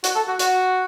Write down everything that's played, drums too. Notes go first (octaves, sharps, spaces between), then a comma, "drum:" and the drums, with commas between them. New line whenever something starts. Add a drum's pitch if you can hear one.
F#4, drum: hi-hat
A4
F#4
F#4, drum: hi-hat